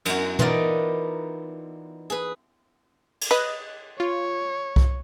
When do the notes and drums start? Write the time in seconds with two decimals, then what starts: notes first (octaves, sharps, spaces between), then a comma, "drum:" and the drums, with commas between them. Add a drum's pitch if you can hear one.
0.05 F#2 F#4, drum: cymbal
0.39 E3 B3 D#4 F4 A#4 D5, drum: tom
2.10 G#4 B4
3.21 drum: cymbal
3.31 B4 D#5 D#6 F#6
4.00 F4 C#5
4.76 drum: kick C2